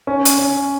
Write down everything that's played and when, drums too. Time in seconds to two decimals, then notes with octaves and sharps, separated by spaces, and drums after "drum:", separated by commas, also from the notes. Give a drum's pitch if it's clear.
0.07 C#4
0.25 drum: hi-hat
0.39 C#4